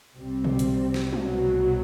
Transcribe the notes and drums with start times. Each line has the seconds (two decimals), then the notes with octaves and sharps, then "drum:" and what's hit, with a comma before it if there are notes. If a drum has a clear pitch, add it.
0.15 C2 C3 G3 C4
0.44 drum: tom B2
0.59 drum: hi-hat
0.94 drum: snare
1.13 C2 B2 F#3, drum: tom G3